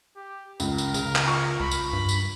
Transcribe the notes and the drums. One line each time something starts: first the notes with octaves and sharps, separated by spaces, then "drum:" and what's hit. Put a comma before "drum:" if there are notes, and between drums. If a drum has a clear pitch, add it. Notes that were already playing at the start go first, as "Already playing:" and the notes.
G4
C#2 A#4, drum: tambourine
drum: tambourine
C#3, drum: tambourine
drum: clap
F4 C#6
C#2 B5
drum: tambourine
G2
drum: tambourine